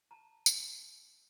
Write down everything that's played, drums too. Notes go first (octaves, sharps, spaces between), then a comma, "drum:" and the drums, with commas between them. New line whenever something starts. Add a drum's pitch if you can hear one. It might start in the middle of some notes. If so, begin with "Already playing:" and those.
A5 A#5
drum: tambourine